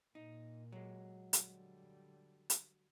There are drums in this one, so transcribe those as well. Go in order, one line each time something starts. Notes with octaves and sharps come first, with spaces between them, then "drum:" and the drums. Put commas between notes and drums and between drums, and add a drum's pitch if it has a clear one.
A#2 A#3 D#4
F#3 G#3
D3 G3, drum: hi-hat
drum: hi-hat